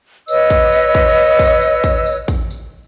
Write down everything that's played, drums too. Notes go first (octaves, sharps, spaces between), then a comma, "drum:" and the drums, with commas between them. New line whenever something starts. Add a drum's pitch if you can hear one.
B4 C#5 D#5 E6, drum: tambourine
drum: kick, tambourine
drum: tambourine
drum: kick
drum: tambourine
drum: kick, tambourine
drum: tambourine
drum: kick, tambourine
drum: tambourine
drum: kick, tambourine
drum: tambourine